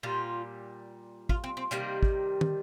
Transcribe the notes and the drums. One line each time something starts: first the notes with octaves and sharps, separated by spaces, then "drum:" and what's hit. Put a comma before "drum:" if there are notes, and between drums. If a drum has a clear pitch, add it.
A#2 G3 F4
F4, drum: kick
C4
C4
C3 D#3 G3 A#3, drum: hi-hat
drum: kick
drum: tom